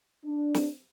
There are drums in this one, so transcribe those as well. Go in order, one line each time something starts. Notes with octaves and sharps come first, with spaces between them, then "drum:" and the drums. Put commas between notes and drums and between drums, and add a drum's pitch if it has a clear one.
D4
drum: snare